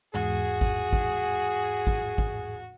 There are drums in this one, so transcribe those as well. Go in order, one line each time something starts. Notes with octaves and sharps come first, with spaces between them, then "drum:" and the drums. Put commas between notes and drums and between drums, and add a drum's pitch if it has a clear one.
E2 G#2 F#4 G#4
drum: kick
drum: kick
drum: kick
drum: kick